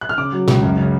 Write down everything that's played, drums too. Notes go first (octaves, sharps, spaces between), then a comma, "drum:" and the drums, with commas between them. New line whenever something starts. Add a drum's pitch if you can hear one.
F#6
F6
C#3 D6
F#3
C#2, drum: snare
F#2
C#3